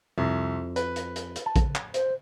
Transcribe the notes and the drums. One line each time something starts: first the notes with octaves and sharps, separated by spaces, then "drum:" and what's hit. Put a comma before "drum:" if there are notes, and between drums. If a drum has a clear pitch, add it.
C2 F2
B4, drum: hi-hat
drum: hi-hat
drum: hi-hat
drum: hi-hat
A5
drum: kick A#1, hi-hat
drum: clap
C5, drum: hi-hat